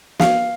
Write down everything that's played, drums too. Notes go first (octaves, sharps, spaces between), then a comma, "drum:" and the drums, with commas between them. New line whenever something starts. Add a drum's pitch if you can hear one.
F5, drum: snare